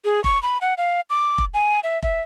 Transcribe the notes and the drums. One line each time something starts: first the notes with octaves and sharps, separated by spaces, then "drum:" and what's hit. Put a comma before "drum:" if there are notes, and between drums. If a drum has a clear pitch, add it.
G#4
C#6, drum: kick F1
B5
F#5
F5
D6
drum: kick F1
G#5
E5
E5, drum: kick F1